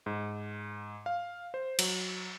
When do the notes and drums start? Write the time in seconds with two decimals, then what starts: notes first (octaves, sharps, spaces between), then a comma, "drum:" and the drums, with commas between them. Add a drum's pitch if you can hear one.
0.06 G#2
1.06 F5
1.54 C5
1.79 F#3, drum: cymbal